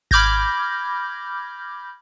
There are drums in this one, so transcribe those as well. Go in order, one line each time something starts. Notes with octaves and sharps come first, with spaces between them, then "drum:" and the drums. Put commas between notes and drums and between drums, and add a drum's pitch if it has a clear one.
B5 D6 F6 G6 G#6 A#6, drum: kick G#1